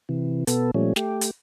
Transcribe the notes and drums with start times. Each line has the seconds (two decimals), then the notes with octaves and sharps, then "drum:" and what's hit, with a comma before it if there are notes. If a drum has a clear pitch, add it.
0.09 C3 E3
0.47 B2 B3 A4, drum: hi-hat
0.74 A#2 F3 G3 A3 C#4
0.96 A3 G4, drum: snare
1.21 drum: hi-hat